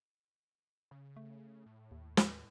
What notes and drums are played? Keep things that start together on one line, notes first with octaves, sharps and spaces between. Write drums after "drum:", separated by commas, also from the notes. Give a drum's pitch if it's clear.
C#3
A3
A2
D#2
drum: snare